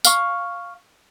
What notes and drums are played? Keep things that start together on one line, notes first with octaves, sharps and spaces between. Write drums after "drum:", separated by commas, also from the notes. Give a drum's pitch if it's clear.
F5 C#6, drum: tambourine